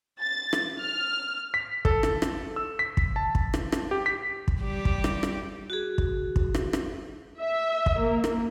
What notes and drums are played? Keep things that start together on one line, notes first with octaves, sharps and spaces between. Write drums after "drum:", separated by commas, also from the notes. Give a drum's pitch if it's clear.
A6
drum: rim click
F6
B6
A4, drum: kick
drum: rim click
drum: rim click
E6
B6
drum: kick
A5
drum: kick
drum: rim click
drum: rim click
G4
B6
drum: kick
G3 G4
drum: kick
drum: rim click
drum: rim click
F#4 G#4
drum: kick
drum: kick
drum: rim click
drum: rim click
E5
drum: kick
A#3
drum: rim click